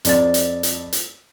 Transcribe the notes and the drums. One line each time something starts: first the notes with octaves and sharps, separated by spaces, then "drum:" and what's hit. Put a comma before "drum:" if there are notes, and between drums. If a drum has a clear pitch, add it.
F2 D5 A6, drum: hi-hat
drum: hi-hat
drum: hi-hat
drum: hi-hat